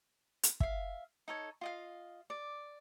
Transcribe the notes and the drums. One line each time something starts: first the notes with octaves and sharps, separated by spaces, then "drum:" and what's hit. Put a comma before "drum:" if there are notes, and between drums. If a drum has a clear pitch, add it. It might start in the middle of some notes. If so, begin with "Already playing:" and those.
drum: hi-hat
E5 F5, drum: kick
D#4 A4 C#5
F4 D#5 F5
D5